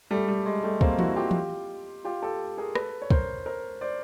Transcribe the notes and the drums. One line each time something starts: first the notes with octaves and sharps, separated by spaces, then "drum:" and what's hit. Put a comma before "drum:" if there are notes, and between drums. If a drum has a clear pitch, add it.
G3 A3
G3
G#3
G3 A3
A#3 C4, drum: kick
E4 F#4, drum: tom E3
F4 G4
drum: tom E3
F4 G4
G4 A4
G#4 A#4
A4 B4, drum: rim click
C#5
A#4 C5, drum: kick
A#4 C5
C5 D5